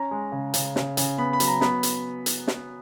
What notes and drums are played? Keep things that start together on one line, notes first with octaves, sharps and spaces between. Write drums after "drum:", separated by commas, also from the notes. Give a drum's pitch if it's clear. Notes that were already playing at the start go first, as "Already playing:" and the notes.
Already playing: C#4 A#5
G#3
C#3
C#3, drum: hi-hat
C#3, drum: snare
C#3, drum: hi-hat
B3 B5
B5
F#3, drum: hi-hat
A#5
B3 B5, drum: snare
drum: hi-hat
drum: hi-hat
drum: snare